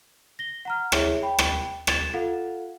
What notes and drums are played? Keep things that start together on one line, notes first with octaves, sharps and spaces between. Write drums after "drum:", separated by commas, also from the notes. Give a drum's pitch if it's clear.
A#6 G7
F#5 A#5 F6
E4 G#4 C#5 E5, drum: rim click
G5 B5
drum: rim click
G#6 A6 E7 F7, drum: rim click
F4 A4 F5 F#5